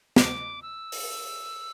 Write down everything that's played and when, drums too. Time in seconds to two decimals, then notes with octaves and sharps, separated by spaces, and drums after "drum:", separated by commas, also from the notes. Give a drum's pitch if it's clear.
0.16 D6, drum: snare
0.62 E6
0.92 drum: open hi-hat